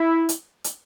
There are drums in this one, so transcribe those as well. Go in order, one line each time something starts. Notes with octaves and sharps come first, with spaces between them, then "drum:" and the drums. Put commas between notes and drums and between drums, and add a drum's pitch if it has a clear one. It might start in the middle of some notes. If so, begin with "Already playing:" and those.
Already playing: E4
drum: hi-hat
drum: hi-hat